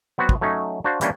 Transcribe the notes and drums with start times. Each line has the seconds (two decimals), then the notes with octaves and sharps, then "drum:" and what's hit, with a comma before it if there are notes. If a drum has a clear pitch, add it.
0.18 F#3 B3 C4 F#4
0.29 drum: kick
0.41 F#3 A3 C#4 D#4
0.84 D4 F#4 C5 F5
1.01 E3 G3 A#3 C#4 D4, drum: hi-hat